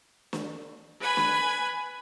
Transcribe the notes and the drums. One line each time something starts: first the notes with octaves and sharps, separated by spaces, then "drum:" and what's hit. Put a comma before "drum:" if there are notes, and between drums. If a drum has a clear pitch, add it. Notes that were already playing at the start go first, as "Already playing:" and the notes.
drum: snare
B4 G#5 B5
drum: snare